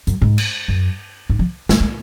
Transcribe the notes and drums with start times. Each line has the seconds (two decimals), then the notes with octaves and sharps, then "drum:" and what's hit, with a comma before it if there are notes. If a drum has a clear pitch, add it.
0.07 F#2, drum: hi-hat
0.22 G#2
0.38 drum: cymbal
0.68 F#2
1.30 G#2
1.39 F3
1.69 G#3, drum: snare
1.80 G#3